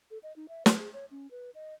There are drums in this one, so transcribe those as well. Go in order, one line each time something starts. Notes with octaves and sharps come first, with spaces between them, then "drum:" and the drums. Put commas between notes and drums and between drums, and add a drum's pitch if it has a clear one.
A4
D#5
D#4
E5
B4, drum: snare
G#4
C#5
C#4
B4
D#5